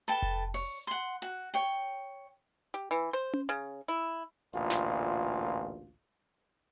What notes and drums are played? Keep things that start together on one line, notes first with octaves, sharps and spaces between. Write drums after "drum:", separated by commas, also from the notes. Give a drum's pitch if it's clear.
A4 B4 G5 A5
drum: kick F1
C#5, drum: open hi-hat
F#5 C6
F#4
C#5 G5
G4
E3
C5
drum: tom C#4
C#3
E4
A1 D2 A#2 F4, drum: hi-hat
drum: snare